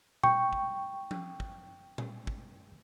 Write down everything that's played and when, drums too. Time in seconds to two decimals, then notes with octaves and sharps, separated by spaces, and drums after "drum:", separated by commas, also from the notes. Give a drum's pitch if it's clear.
0.23 G5 C#6, drum: tom A#2
0.53 drum: kick
1.11 drum: tom F3
1.40 drum: kick
1.98 drum: tom A#2
2.27 drum: kick